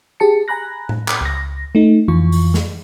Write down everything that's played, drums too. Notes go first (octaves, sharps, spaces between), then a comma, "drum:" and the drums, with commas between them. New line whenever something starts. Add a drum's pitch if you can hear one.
G4 G#4 A5 C#7
G#5 A#5 B5 F#6 A#6
drum: tom A2
drum: clap
C#2 A#6
A3 D#4
F2 E3 F4 C#6
drum: open hi-hat
drum: snare